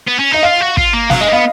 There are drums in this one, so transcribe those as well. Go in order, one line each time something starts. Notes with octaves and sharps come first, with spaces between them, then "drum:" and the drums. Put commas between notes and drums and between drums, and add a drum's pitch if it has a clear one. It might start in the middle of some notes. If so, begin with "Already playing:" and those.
B3
C#4
D#4 D#5
F4 F5
F#4
F4, drum: kick
A#3
F#3 F5, drum: snare
G#3 D#5
A#3
B3 F5